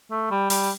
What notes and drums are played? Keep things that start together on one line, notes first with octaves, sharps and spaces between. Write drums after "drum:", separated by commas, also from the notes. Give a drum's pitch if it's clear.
A3
G3
G3, drum: open hi-hat